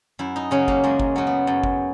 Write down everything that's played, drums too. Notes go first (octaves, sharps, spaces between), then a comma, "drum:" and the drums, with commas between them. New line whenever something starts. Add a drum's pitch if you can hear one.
F#2 E4
D#4
C#3 F#3 C#4
A#3, drum: kick G1
F#2 G#3
drum: kick G1
C#3 F#3
B3
F#2
drum: kick G1